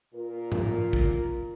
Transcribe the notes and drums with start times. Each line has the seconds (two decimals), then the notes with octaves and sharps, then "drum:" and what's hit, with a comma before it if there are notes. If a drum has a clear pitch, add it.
0.14 A#2 F4 A#4
0.52 drum: tom G#2
0.93 drum: kick